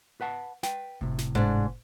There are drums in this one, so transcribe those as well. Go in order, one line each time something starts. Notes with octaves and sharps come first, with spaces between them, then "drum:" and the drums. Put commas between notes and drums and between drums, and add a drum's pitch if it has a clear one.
B4 F#5 A5
B4 G5, drum: snare
A2 C3, drum: kick F#1
drum: snare
G#2 D4, drum: kick F#1